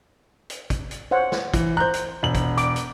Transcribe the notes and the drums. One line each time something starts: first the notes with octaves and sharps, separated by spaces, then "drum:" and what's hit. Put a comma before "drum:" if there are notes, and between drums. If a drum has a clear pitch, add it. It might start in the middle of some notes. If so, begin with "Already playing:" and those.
drum: hi-hat
drum: kick, hi-hat
drum: hi-hat
C5 C#5 F#5
drum: snare
E3, drum: kick, hi-hat
C5 A#5 F#6 G6
drum: hi-hat
E1 F#7
drum: kick, hi-hat
D6, drum: hi-hat
drum: hi-hat